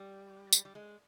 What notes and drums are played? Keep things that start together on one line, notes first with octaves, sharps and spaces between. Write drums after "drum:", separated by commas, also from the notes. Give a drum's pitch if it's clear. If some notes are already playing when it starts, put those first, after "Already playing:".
Already playing: G3
drum: tambourine
G3
G#3